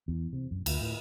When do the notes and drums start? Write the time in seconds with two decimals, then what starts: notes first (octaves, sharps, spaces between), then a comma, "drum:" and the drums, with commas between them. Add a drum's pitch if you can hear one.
0.08 E2
0.33 C3
0.51 F#2
0.66 D2, drum: cymbal
0.81 A2